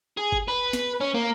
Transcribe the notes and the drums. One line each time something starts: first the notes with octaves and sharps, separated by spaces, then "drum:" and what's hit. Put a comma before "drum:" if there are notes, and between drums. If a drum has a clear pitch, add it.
G#4
drum: kick G1
B4
drum: snare
C#4
A#3